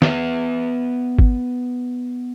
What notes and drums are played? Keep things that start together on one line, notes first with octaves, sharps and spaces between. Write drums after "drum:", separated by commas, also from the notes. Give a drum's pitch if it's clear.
B3 B4 E5, drum: snare
drum: kick